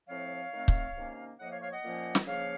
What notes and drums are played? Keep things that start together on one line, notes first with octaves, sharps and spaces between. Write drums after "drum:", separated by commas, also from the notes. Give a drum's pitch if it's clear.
A2 F3 C4 C#5 F5
D#3 A3 C4
drum: kick
C3 D#3 A#3 C#4
A2 F3 A#3 D#5 F#5
C#5 F5
C#5 F5
D#5 F#5
A#2 F3 A#3 C#4
drum: snare
C#3 F3 A#3 C#4 C#5 F5